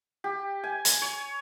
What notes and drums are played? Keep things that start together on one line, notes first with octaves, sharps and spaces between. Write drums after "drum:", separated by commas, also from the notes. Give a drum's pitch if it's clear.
G4
G#5
drum: hi-hat
C#5